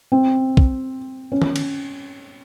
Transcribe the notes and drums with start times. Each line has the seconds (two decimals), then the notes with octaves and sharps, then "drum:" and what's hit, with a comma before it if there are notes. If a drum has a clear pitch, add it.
0.12 C4
0.57 drum: kick
1.32 C#4
1.42 drum: tom
1.56 drum: cymbal